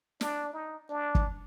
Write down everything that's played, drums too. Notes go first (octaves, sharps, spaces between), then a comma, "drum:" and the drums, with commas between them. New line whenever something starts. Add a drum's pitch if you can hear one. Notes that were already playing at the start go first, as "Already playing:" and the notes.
D4, drum: snare
D#4
D4
drum: kick